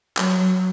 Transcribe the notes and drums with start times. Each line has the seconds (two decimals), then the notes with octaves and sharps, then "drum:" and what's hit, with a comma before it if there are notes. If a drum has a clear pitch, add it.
0.17 F#3, drum: clap